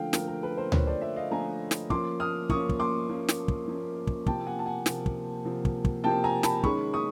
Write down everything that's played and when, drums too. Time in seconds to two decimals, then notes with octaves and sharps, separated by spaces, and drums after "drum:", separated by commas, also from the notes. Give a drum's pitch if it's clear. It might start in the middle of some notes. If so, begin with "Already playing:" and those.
Already playing: D3 F3 A3 F5 G5
0.13 D3 F3 A3 A#4, drum: snare
0.28 A#4
0.43 A4 B4
0.57 A#4 C5
0.72 D3 F3 A3 B4 C#5, drum: tom D2
0.87 C5 D5
1.01 D5 E5
1.16 D#5 F5
1.31 D3 F3 A3 G#5 A#5
1.71 drum: snare
1.90 F3 A#3 C#4 C6 D6, drum: kick
2.20 D#6 F6
2.50 F3 A#3 C#4 C#6 D#6, drum: kick
2.69 drum: kick
2.80 C6 D6
3.09 F3 A#3 C#4
3.28 drum: snare
3.48 drum: kick
3.68 F3 A#3 C#4
4.07 drum: kick
4.26 C3 F3 A#3 G5 A5, drum: kick
4.47 F#5 G#5
4.59 A5
4.66 F#5 G#5
4.86 C3 F3 A#3, drum: snare
5.06 drum: kick
5.45 C3 F3 A#3
5.65 drum: kick
5.85 drum: kick
6.04 C3 F3 A#3 G5 A5
6.24 G#5 A#5
6.43 A5 B5, drum: snare
6.63 D#3 G#3 C#4 B5 C#6, drum: kick
6.94 C#6 D#6